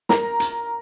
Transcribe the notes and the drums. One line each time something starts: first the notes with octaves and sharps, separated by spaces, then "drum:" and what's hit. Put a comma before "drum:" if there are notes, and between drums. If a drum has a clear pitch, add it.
A#4 A#5, drum: snare
drum: hi-hat